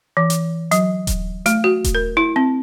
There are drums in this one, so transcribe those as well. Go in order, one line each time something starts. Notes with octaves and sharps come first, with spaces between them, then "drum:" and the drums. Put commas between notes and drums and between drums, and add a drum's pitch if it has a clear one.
E3
drum: hi-hat
F#3, drum: hi-hat
drum: kick D#1, hi-hat
A3, drum: hi-hat
F#4
drum: kick D#1, hi-hat
A#4
E4
C4